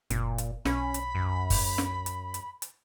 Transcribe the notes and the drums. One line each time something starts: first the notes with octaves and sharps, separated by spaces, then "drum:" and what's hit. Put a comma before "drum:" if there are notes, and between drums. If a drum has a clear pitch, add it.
F#1 A#2, drum: hi-hat
drum: hi-hat
B1 C#4 B5, drum: snare
drum: hi-hat
F#2
drum: kick F#1, open hi-hat
drum: snare
drum: hi-hat
drum: hi-hat
drum: hi-hat